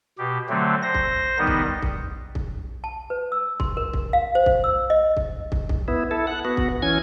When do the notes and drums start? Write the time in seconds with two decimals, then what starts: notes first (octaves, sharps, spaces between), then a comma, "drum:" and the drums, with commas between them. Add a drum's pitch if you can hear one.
0.18 B2 G4
0.49 D3 F#3 A3 C4
0.83 C5 A#6
0.94 drum: kick
1.38 D#3 G3 B3 D#4
1.47 drum: kick
1.82 drum: kick
2.35 drum: kick
2.84 A5
3.10 B4
3.32 E6
3.60 C6, drum: kick
3.77 A#4
3.93 drum: kick
4.13 F5
4.35 C5
4.46 drum: kick
4.64 E6
4.90 D#5
5.17 drum: kick
5.52 drum: kick
5.69 drum: kick
5.88 B3 E4
6.11 E4 A4
6.27 F#5
6.45 B3 F#4
6.57 drum: kick
6.82 E3 C#4 G#5 G#6